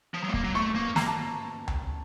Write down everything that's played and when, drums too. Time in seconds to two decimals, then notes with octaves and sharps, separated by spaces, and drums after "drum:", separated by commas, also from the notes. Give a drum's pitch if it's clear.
0.14 F3
0.23 F#3
0.29 A3
0.34 A#3, drum: kick C#1
0.44 F#3
0.55 A3 C#6
0.76 A#3
0.96 A#3 A#5, drum: snare
1.07 A5
1.68 drum: tom C#2